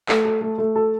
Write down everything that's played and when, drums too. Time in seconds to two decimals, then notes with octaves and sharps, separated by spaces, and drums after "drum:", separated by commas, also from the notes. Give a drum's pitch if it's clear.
0.09 A3, drum: clap
0.25 A4
0.41 A3
0.58 A3
0.75 A4